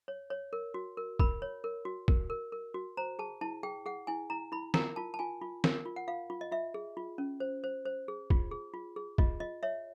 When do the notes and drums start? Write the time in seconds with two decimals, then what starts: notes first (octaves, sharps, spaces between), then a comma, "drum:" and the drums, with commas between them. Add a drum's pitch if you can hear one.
0.08 C#5
0.30 C#5
0.53 A#4
0.74 F#4
0.97 A#4
1.19 A#4 B5, drum: kick
1.42 C#5
1.64 A#4
1.85 F#4
2.08 A#4, drum: kick
2.30 A#4
2.52 A#4
2.74 F#4
2.97 C5 A#5
3.19 G#4 A5
3.41 E4 A5
3.63 G#4 G5
3.86 G#4 F#5
4.07 E4 G#5
4.30 E4 A#5
4.52 E4 B5
4.74 A#4 A#5, drum: snare
4.96 F4 A5
5.14 A5
5.19 F4 G#5
5.42 F4
5.64 A#4, drum: snare
5.85 F4
5.96 F#5
6.08 F4 F5
6.30 F4
6.41 D#5
6.52 F4 E5
6.74 G#4
6.97 F4
7.18 C#4
7.40 C5
7.64 C5
7.85 C5
8.08 G#4
8.30 F4, drum: kick
8.51 G#4
8.74 F4
8.96 G#4
9.18 F4 D#5, drum: kick
9.40 F4 D#5
9.63 C#5 E5